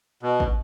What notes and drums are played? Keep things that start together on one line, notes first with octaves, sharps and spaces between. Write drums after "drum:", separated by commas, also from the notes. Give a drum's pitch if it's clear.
B2
drum: kick